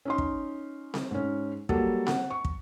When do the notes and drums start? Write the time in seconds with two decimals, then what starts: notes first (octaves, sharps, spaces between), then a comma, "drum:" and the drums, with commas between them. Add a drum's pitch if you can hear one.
0.05 C#4 D#4 C6
0.18 drum: kick
0.94 drum: snare C4
1.11 G#2 C#4
1.69 F#3 G3 A#3 A4, drum: kick
2.07 F#5, drum: snare C4
2.30 C#6
2.45 drum: kick